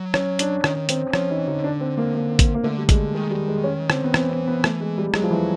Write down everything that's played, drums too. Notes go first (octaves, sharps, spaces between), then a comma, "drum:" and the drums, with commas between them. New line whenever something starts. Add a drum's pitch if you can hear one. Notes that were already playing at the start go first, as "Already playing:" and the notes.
Already playing: F#3
C#4, drum: rim click
D4, drum: hi-hat
D#3 C#4, drum: rim click
D#3
D#3 C4, drum: hi-hat
F3 C#4, drum: rim click
E3 D#4
D3 D#4
D4
C4
A#3
A#3
drum: kick, hi-hat
A#3
D3 A3
G3
D3 G#3, drum: kick, hi-hat
D#3 G#3
G3
G#3
C#4
D3 C4, drum: rim click
D#3 B3
E3 C4, drum: rim click
C4
B3
A3, drum: rim click
G#3
G3
F#3 G#3, drum: rim click
F3
E3